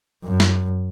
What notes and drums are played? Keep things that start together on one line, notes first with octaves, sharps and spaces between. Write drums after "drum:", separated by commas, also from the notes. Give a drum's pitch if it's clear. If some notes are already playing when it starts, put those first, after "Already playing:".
F#2
drum: snare